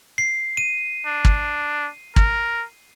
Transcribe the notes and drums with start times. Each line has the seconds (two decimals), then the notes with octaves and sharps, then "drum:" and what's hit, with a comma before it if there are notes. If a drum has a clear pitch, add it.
0.18 C7
0.57 D#7
1.06 D4
1.25 drum: kick
2.16 A#4, drum: kick